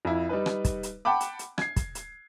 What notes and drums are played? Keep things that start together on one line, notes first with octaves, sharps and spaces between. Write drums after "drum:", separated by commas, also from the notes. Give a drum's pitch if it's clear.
F2 E4
G3 D#4 B4
drum: rim click
drum: kick, hi-hat
drum: hi-hat
F#5 G5 A5 B5 D6
drum: hi-hat
drum: hi-hat
G#6 C7, drum: rim click
drum: kick, hi-hat
drum: hi-hat